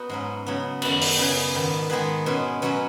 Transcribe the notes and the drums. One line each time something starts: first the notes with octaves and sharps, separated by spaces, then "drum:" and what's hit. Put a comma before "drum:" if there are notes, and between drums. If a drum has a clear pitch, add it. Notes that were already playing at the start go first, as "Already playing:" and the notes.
Already playing: B3 D#4 F#4
G#2 F#3 C#4 B4
C#3 F#3 B3
F#2 D#3 B3 F#4 B4, drum: cymbal
drum: open hi-hat
C#3 B3 G#4 B4
G#2 D#3 B3
D#3 G#3 B3 G#4 B4
B2 G#3 C#4 B4
B2 F#3 C#4 B4